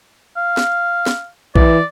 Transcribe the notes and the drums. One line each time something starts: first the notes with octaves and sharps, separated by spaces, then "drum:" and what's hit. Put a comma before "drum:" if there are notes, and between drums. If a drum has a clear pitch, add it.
F5
drum: snare
drum: snare
E3 D5, drum: kick